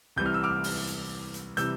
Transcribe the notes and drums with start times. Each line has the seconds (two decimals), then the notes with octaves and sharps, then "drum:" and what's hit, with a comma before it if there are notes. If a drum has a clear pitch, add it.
0.16 C2 C3 E3 G3 G6
0.26 F6
0.34 E6
0.43 D6 F6
0.64 drum: open hi-hat
0.87 drum: hi-hat
1.34 drum: hi-hat
1.57 C3 E3 G3 E6 G6, drum: hi-hat